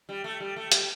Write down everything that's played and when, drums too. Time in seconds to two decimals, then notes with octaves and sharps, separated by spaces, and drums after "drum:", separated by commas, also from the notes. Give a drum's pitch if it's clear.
0.09 G3
0.24 A3
0.40 G3
0.56 A3
0.72 G3, drum: hi-hat